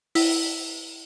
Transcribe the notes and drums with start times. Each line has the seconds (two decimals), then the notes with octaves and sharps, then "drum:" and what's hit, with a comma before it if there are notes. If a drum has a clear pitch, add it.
0.15 E4, drum: open hi-hat